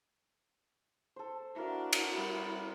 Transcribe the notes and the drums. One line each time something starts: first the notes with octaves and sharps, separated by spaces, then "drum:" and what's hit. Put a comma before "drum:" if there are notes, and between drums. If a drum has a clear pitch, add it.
A4 C5
D4 E4 F#4 A#4 F5
drum: cymbal
G3 B5